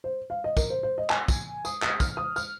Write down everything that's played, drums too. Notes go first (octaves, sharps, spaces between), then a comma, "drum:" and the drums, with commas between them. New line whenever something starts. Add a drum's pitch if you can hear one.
C5
F5
D#5
A#4, drum: kick, tambourine
C5
C5
D#5
G#5, drum: clap
drum: kick, tambourine
D#6, drum: tambourine
D#6, drum: clap
F6, drum: kick, tambourine
D#6
F6, drum: tambourine